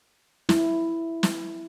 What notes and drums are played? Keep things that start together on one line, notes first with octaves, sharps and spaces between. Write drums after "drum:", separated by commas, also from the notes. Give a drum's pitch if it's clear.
E4, drum: snare
drum: snare